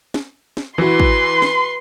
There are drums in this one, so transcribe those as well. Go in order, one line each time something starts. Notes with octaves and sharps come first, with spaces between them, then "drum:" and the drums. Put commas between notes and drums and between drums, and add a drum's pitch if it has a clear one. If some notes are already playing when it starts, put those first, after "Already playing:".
drum: snare
drum: snare
E3 E4 F#4 B4 C6
drum: kick
drum: snare